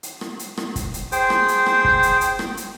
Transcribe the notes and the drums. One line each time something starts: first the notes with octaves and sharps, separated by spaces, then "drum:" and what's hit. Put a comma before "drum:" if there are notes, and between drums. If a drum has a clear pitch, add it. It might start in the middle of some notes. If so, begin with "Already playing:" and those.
drum: hi-hat
drum: rim click
drum: hi-hat
drum: rim click
drum: kick, hi-hat
drum: hi-hat
G#4 C5 G5, drum: hi-hat
drum: rim click
drum: hi-hat
drum: rim click
drum: kick
drum: hi-hat
drum: hi-hat
drum: rim click
drum: hi-hat